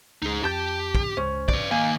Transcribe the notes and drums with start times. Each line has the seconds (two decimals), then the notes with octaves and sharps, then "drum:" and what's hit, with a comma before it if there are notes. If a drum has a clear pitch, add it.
0.22 C#2 D#4 G#4
0.43 F2 G4 A5 G6
0.95 drum: kick
1.17 C#2 C#4 C5
1.49 B4 D5, drum: kick
1.71 D#3 A#3 F5 G#5